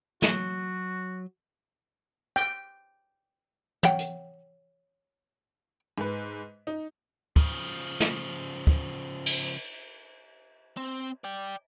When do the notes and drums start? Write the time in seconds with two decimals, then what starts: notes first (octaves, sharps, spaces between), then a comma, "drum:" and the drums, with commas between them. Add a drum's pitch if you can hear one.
0.22 F#3 F#4, drum: snare
2.36 G5, drum: hi-hat
3.83 C#5 F#5 G5, drum: tom
3.99 drum: hi-hat
5.98 G#2 B4
6.67 D#4
7.36 C#3 F3, drum: kick
8.00 drum: snare
8.67 drum: kick
9.26 drum: cymbal
10.77 C4
11.24 D5 G5